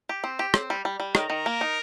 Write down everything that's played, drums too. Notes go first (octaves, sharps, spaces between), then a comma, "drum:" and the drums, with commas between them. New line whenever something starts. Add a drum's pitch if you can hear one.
G4
C4
G4
C4, drum: rim click
G3
G3
G3
D#3 A#4, drum: rim click
D#3
A#3
D#4